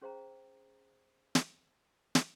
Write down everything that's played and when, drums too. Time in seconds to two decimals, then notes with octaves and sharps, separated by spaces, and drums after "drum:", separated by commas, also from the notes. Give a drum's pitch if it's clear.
0.02 C#4 G#4 C5 F5 G5 A#5
1.35 drum: snare
2.15 drum: snare